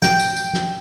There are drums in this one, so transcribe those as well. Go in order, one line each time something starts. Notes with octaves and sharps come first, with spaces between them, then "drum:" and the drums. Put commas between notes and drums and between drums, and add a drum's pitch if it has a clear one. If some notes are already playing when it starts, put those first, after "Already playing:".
G5, drum: snare
drum: tambourine
drum: tambourine
drum: snare